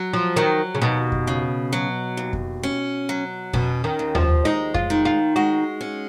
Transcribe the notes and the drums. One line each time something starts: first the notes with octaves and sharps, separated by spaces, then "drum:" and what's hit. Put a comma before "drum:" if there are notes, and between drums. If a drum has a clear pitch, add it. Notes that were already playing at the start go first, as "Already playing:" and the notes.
Already playing: F#3
F3
D#3 F#3
C#3
D#2 B2
drum: kick F2
C#3
F#3
D#2
drum: kick F2
C#4
F#3
B2 C#4, drum: kick F2
D#3
D#2
F3, drum: tom D#2
G#3 D#4
F4, drum: kick F2
D#3
F4
G#3 F#4
C#4